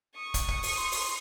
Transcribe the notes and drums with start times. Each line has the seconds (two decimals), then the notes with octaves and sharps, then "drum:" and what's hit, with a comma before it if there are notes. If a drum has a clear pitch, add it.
0.16 C#6 D#6
0.34 drum: kick, hi-hat
0.48 drum: kick
0.63 drum: open hi-hat
0.77 C6
0.92 drum: open hi-hat